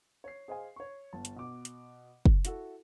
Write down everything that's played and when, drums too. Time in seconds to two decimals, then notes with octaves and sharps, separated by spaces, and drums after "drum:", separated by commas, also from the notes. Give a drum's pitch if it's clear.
0.24 C#5 C7
0.48 G#4 C5 D#5 F5 G#5
0.76 C#5 C#6
1.13 G1 A5
1.25 drum: hi-hat
1.36 B2 D6
1.65 drum: hi-hat
2.26 drum: kick
2.45 E4 F#4 A4, drum: hi-hat